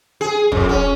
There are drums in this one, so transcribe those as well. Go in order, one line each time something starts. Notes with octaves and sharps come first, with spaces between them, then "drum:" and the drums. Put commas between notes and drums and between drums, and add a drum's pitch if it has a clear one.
G#4
F2, drum: kick
C#4